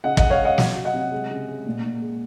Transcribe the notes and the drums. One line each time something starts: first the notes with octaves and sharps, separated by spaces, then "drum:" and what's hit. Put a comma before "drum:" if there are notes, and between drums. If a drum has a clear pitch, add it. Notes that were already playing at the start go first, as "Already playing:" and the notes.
C#3 D#5 F#5
G#3 D#5 F#5, drum: kick
C#5 F5
G#3
D#5 F#5
F#3, drum: snare
F#3
D#5 F#5
C3
G#3
C#3
G#3
A#2
A#2
G#3